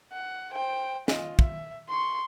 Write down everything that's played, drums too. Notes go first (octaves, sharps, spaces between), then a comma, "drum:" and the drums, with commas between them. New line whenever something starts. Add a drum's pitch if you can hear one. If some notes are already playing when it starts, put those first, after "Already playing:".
F#5
C5 G5
F4 D#5, drum: snare
E5, drum: kick
C6 C#6